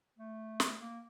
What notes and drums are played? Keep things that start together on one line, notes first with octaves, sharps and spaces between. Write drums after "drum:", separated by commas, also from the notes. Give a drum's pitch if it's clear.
A3
drum: snare
A#3